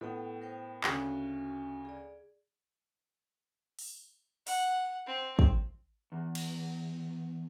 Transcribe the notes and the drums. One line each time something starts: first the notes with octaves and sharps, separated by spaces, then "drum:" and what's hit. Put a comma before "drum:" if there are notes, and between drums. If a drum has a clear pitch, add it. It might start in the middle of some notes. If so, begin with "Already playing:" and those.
A2 B3 A4 G5
A#4 C5 G5
D2 C#3 C#4 F#4 E5, drum: clap
G#4 D5
drum: open hi-hat
F#5, drum: open hi-hat
C4
drum: kick
E2
drum: cymbal